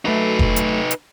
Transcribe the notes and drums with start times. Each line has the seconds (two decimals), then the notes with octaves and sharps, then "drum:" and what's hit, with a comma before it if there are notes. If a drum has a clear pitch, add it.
0.05 F#3 A3 D#4 B4
0.39 drum: kick F1
0.56 drum: hi-hat
0.91 drum: hi-hat